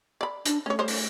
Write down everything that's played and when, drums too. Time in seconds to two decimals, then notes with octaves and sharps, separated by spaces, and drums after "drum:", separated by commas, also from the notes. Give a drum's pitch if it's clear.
0.21 D5 B5
0.45 D4, drum: hi-hat
0.66 A3 C#4 C#5
0.79 G3 C5 C#5
0.88 drum: open hi-hat